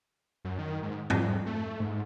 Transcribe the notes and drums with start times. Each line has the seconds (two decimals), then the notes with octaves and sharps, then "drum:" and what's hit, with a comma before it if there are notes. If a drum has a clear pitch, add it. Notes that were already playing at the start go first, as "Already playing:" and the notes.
0.45 F#2
0.59 D#3
0.83 G#2
1.10 F2, drum: tom G#2
1.46 A3
1.80 G#2